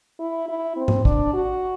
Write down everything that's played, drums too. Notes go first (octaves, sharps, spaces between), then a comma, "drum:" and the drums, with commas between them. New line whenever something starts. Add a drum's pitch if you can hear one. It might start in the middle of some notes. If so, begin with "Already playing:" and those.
E4
E4
C4
drum: tom G#2
D4, drum: kick A1
F#4